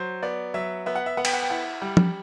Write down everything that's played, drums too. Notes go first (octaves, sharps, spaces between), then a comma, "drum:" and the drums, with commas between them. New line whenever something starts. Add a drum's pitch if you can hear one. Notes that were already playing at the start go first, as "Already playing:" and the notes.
Already playing: F#3 C5
B3 D5
F#3 E5
B3 E5
F#5
E5
B3 F#5
G5, drum: cymbal
F#5
G5
E4 F#5
G3
drum: tom